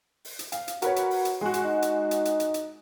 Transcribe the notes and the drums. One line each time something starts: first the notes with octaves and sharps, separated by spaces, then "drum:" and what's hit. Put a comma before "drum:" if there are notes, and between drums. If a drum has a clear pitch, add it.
drum: open hi-hat
drum: hi-hat
F5, drum: hi-hat
drum: hi-hat
F#4 A#4 B4 C#5, drum: hi-hat
drum: hi-hat
drum: open hi-hat
drum: hi-hat
G#3 F#4
drum: hi-hat
D#4
drum: hi-hat
drum: hi-hat
drum: hi-hat
drum: hi-hat
drum: hi-hat